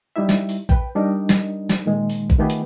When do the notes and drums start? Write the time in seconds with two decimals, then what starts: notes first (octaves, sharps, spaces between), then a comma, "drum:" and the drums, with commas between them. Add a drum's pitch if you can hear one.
0.16 G3 D#4 E4 E5
0.29 drum: snare
0.49 drum: open hi-hat
0.69 B4 G5, drum: kick
0.95 G3 D4 D#4 A#4 D#5
1.29 drum: snare
1.69 drum: snare
1.86 A#2 D#3 G#3
2.10 drum: open hi-hat
2.30 drum: kick
2.39 D#3 A3 B3 F4 G4 G#4
2.50 drum: hi-hat